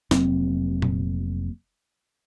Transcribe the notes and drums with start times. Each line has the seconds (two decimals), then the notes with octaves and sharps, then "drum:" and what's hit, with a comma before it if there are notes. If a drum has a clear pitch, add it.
0.11 F1 F#3 A#3 C4, drum: snare
0.82 drum: tom A#2